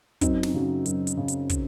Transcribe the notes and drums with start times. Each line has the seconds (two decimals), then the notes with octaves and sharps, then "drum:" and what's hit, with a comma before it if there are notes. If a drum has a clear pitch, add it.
0.21 F#2 C4 D#4, drum: kick, hi-hat
0.43 drum: snare
0.54 C#3 F#3
0.86 F#2, drum: hi-hat
1.07 drum: hi-hat
1.17 C#3
1.28 drum: hi-hat
1.49 drum: kick, hi-hat